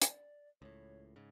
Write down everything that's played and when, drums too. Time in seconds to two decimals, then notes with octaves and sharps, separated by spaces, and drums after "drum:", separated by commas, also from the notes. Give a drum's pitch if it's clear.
0.02 D5, drum: hi-hat
0.62 C#2 A2 C#5
1.16 G#2 C#3